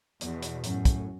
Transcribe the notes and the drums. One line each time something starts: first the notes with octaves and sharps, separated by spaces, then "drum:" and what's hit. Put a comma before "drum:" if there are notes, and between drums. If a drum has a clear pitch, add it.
E2 B2, drum: hi-hat
drum: hi-hat
F#2 A2, drum: hi-hat
drum: kick, hi-hat